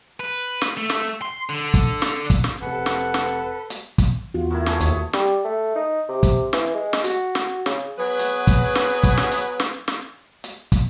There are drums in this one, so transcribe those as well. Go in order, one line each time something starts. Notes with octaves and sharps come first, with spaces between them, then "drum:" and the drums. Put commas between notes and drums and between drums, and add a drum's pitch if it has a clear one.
B4
drum: snare
A3
drum: snare
C6
D3
drum: kick, hi-hat
drum: snare
drum: kick, hi-hat
drum: snare
F1 C3 A4 B4 F#5
drum: snare
drum: snare
drum: hi-hat
drum: kick, hi-hat
E2 F4 F#4
A2 D#3 E4
A3 B3 G#4, drum: snare
D#2, drum: hi-hat
G3, drum: snare
A3
D#4
C3
drum: kick, hi-hat
E3, drum: snare
G#3
drum: snare
F#4, drum: hi-hat
drum: snare
C#3, drum: snare
F#3 B3 G#4 B4
drum: hi-hat
drum: kick, hi-hat
drum: snare
drum: kick, hi-hat
drum: snare
drum: hi-hat
drum: snare
drum: snare
drum: hi-hat
drum: kick, hi-hat